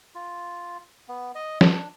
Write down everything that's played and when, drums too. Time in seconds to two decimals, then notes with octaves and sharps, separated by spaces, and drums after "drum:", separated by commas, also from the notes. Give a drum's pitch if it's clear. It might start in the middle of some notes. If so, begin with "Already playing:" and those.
0.15 F4
1.08 B3
1.35 D#5
1.61 D4, drum: snare